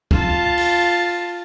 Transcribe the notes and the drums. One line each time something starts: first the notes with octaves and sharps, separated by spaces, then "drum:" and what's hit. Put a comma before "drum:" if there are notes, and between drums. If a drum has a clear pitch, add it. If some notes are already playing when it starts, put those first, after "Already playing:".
F4 A5, drum: kick
drum: open hi-hat